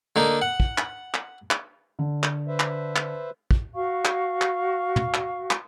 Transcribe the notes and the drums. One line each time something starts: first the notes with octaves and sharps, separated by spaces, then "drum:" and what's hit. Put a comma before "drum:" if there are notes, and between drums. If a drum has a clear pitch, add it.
D3 A#3 D#4
F#5
drum: kick
drum: clap
drum: clap
drum: clap
D3
drum: clap
B4 C5 E5
drum: clap
drum: clap
drum: kick
F#4 F5 C#6
drum: clap
drum: clap
drum: tom
drum: clap
drum: clap